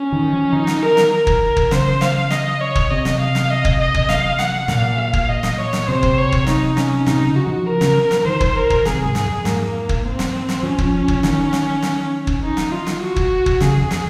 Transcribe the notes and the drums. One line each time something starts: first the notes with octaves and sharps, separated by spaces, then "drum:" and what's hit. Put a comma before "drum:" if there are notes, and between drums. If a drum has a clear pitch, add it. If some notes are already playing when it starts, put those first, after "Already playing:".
Already playing: C#4
D#3
F3
D#3 D#4
drum: snare
A#4
drum: snare
A#4
drum: kick
drum: kick
C#3 C5, drum: snare
F5, drum: snare
D#5, drum: snare
C#5
drum: kick
C3 D#5
drum: snare
F5
drum: snare
D#5
drum: kick
D#5
drum: kick
F5, drum: snare
F#5, drum: snare
A#2 F5, drum: snare
F5
drum: kick
D#5
drum: snare
C#5
drum: snare
C3 C5
drum: kick
C#5
drum: kick
D#4, drum: snare
C#4, drum: snare
C3 D#4, drum: snare
C#3
F#4
F3
A#4
C#3, drum: snare
F3, drum: snare
D#3 C5
drum: kick
A#4
drum: kick
C3 G#4, drum: snare
G#2
drum: snare
F2
G#2 A#3, drum: snare
drum: kick
C4
drum: snare
drum: snare
F3 C#4
drum: kick
drum: kick
D#3, drum: snare
drum: snare
drum: snare
drum: kick
D#4
drum: snare
F4
drum: snare
F#4
drum: kick
drum: kick
C#3 G#4, drum: snare
F2
drum: snare